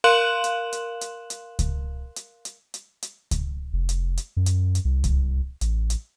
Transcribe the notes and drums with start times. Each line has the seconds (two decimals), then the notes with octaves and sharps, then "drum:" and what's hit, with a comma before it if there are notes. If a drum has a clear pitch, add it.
0.04 A#4 F5 C6 F#6 E7 F#7
0.44 drum: hi-hat
0.73 drum: hi-hat
1.01 drum: hi-hat
1.30 drum: hi-hat
1.59 drum: kick C#2, hi-hat
2.16 drum: hi-hat
2.45 drum: hi-hat
2.74 drum: hi-hat
3.02 drum: hi-hat
3.31 drum: kick C#2, hi-hat
3.73 F1
3.89 drum: hi-hat
4.17 drum: hi-hat
4.37 F#2
4.46 drum: hi-hat
4.75 drum: hi-hat
4.85 C2
5.04 drum: kick C#2, hi-hat
5.61 A1, drum: hi-hat
5.90 drum: hi-hat